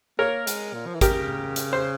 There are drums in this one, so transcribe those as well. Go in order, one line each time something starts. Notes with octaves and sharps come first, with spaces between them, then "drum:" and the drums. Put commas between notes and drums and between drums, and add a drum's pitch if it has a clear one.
A#3 A#4 C#5
G#3, drum: hi-hat
A#2
F3
E3
C#3 G4 A#4, drum: kick, hi-hat
drum: hi-hat
C5